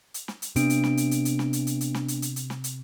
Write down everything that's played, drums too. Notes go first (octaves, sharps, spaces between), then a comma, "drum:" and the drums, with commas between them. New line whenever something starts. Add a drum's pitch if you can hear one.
drum: hi-hat
drum: snare
drum: hi-hat
C3 B3 D4 D7, drum: hi-hat
drum: hi-hat
drum: snare
drum: hi-hat
drum: hi-hat
drum: hi-hat
drum: snare
drum: hi-hat
drum: hi-hat
drum: hi-hat
drum: snare
drum: hi-hat
drum: hi-hat
drum: hi-hat
drum: snare
drum: hi-hat